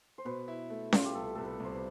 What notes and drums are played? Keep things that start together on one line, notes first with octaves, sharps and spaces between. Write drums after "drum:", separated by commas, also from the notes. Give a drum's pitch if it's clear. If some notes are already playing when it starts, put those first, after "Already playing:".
C5
B2 B4
E4
A3
E4 F4, drum: snare C#4
G4
C2 A4
C2 A4
B4
C2 C5
B4